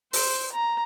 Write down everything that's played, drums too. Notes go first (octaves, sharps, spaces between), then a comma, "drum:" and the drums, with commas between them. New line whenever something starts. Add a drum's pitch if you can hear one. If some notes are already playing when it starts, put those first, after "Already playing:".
C5, drum: open hi-hat
A#5